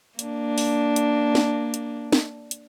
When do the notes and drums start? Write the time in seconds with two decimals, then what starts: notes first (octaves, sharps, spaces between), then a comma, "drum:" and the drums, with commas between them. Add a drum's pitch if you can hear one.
0.19 A#3 D4, drum: hi-hat
0.58 drum: open hi-hat
0.96 drum: hi-hat
1.35 drum: snare
1.74 drum: hi-hat
2.12 drum: snare
2.51 drum: hi-hat